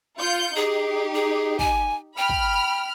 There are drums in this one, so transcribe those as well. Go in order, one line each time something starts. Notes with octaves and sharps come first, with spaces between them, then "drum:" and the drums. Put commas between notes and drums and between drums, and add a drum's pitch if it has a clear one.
F4 G6 C#7
D#4 G4 G#4
G#4
G#5, drum: kick
G5 B5 F6
drum: kick